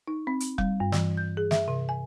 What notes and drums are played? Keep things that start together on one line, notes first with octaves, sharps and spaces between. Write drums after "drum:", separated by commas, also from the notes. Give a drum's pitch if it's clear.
D#4
C4
drum: hi-hat
G3, drum: kick F1
G2
E3, drum: snare
G6
G#4
E5, drum: snare
C3
G#5